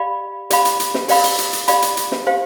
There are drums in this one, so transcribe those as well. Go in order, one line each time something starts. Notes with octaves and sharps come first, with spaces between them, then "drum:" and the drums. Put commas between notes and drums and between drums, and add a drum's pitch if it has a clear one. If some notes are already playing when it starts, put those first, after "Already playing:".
Already playing: G4 D5 F5 B5
G4 D5 F5 B5, drum: hi-hat
drum: hi-hat
drum: hi-hat
drum: snare
G4 D5 F5 B5, drum: open hi-hat
drum: hi-hat
drum: hi-hat
drum: hi-hat
G4 D5 F5 B5, drum: hi-hat
drum: hi-hat
drum: hi-hat
drum: snare
G4 C5 F5